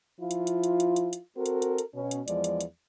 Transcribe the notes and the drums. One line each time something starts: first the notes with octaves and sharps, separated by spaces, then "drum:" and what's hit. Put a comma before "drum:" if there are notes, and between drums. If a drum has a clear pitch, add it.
F3 E4 F4
drum: hi-hat
drum: hi-hat
drum: hi-hat
drum: hi-hat
drum: hi-hat
drum: hi-hat
C4 F#4 A4 A#4
drum: hi-hat
drum: hi-hat
drum: hi-hat
B2 C#4
drum: hi-hat
E2 F3 G#3 D5, drum: hi-hat
drum: hi-hat
drum: hi-hat